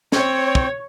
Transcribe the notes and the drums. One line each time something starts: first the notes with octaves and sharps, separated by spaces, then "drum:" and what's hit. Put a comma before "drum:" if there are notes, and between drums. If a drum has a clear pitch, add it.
C4 C#5, drum: snare
drum: kick